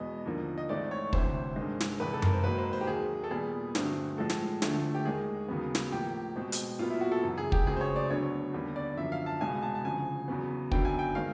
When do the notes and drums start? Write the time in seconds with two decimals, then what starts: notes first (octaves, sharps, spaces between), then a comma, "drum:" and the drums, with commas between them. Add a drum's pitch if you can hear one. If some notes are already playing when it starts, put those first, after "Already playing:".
Already playing: E2 B2 G#3 B3 D#5
0.26 D#2 D3 F3 A#3
0.58 D#5
0.69 G#2 E3 A3 C4 D5
0.91 C#5
1.13 D2 C3 E3 C5, drum: kick
1.56 G2 D#3 G#3
1.80 drum: snare
2.00 E2 C3 D#3 G#3 B4
2.13 A4
2.22 A#4, drum: tom F#2
2.33 C5
2.44 G#2 D#3 F#3 A#3 B4
2.58 C5
2.73 C5
2.81 G4
2.87 D#2 D#3 F#3 G#4
3.24 A4
3.31 A#2 G3 B3 G#4
3.75 G2 D3 F#3 A3 C4, drum: snare
4.17 A2 F3 G#3 A4
4.30 drum: snare
4.62 D2 D3 F3 A3, drum: snare
4.95 G4
5.05 D#2 D#3 G#3 G#4
5.48 D#2 C#3 F#3 B3
5.75 drum: snare
5.92 A2 F3 A#3 G4
6.36 B2 G#3 C4
6.52 drum: hi-hat
6.79 A#2 F#3 B3 F4
6.90 E4
7.01 F#4
7.12 A4
7.23 F#2 C#3 E3
7.38 G#4
7.52 G4, drum: kick
7.67 C#2 C#3 F#3 A3 C4 G#4
7.77 C5
7.81 C#5
7.96 D5
8.10 D2 D3 F#3 B3 C#5
8.53 D#2 D3 G3 B3
8.76 D5
8.97 F#2 D3 F3 E5
9.12 F5
9.26 A5
9.41 C2 B2 G#3 G#5
9.63 A5
9.75 A5
9.84 D2 C#3 F3 G#5
10.28 E2 C#3 F#3 B3
10.72 F#2 D3 F#3 B3 G5, drum: kick
10.85 G#5
10.99 G5
11.15 D#3 G#3 C4 F5